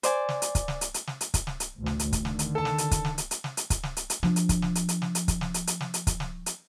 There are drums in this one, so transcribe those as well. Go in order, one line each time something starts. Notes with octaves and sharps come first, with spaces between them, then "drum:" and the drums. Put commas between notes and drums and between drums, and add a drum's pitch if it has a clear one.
C5 D5 G#5, drum: hi-hat
drum: snare
drum: hi-hat
drum: kick, hi-hat
drum: snare
drum: hi-hat
drum: hi-hat
drum: snare
drum: hi-hat
drum: kick, hi-hat
drum: snare
drum: hi-hat
A1 D2
drum: snare
drum: hi-hat
drum: kick, hi-hat
D3 D#3, drum: snare
drum: hi-hat
A4 A5
drum: snare
drum: hi-hat
drum: kick, hi-hat
drum: snare
drum: hi-hat
drum: hi-hat
drum: snare
drum: hi-hat
drum: kick, hi-hat
drum: snare
drum: hi-hat
drum: hi-hat
F3 D4, drum: snare
drum: hi-hat
drum: kick, hi-hat
drum: snare
drum: hi-hat
drum: hi-hat
drum: snare
drum: hi-hat
drum: kick, hi-hat
drum: snare
drum: hi-hat
drum: hi-hat
drum: snare
drum: hi-hat
drum: kick, hi-hat
drum: snare
drum: hi-hat